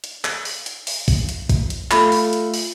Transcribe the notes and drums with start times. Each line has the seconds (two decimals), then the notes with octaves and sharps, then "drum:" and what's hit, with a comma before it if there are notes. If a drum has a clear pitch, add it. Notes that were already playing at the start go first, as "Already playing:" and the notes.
0.04 drum: hi-hat
0.24 drum: clap
0.45 drum: open hi-hat
0.66 drum: hi-hat
0.87 drum: open hi-hat
1.08 drum: kick, open hi-hat
1.29 drum: hi-hat
1.49 drum: kick, hi-hat
1.70 drum: hi-hat
1.91 A3 F4 B5, drum: clap
2.12 drum: open hi-hat
2.33 drum: hi-hat
2.54 drum: open hi-hat